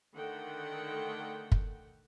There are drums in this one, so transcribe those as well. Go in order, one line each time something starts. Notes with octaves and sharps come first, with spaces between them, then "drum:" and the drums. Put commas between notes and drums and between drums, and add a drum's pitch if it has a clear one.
D3 D#3 A3 F#5 G5
drum: kick F#1